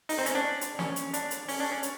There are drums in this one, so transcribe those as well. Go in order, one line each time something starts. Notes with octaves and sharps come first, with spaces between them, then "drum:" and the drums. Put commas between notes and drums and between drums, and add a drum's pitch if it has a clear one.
D#4, drum: open hi-hat
C4
C#4, drum: hi-hat
D4
drum: hi-hat
C#4, drum: snare
drum: hi-hat
D4, drum: hi-hat
drum: hi-hat
C#4, drum: open hi-hat
D4
C#4
drum: hi-hat